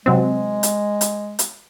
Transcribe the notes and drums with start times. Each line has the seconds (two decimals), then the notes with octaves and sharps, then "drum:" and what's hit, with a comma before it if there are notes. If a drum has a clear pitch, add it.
0.05 C3 F#3 G#3 C4
0.63 drum: hi-hat
1.01 drum: hi-hat
1.39 drum: hi-hat